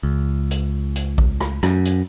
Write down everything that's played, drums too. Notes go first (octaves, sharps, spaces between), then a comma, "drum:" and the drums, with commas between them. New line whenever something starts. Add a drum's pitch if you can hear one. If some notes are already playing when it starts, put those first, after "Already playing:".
C#2
drum: hi-hat
drum: hi-hat
drum: kick A#1
drum: rim click
F#2, drum: rim click
drum: hi-hat